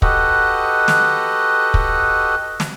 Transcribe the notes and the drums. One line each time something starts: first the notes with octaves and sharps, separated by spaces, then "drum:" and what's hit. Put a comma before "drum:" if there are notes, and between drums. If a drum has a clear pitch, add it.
F#4 G4 A4 B4 D#5 F#5, drum: kick
drum: snare
drum: kick
drum: snare